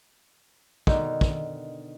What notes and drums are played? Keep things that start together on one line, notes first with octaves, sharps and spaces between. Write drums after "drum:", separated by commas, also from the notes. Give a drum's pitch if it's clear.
B2 D3 D#3 D#4, drum: kick
drum: kick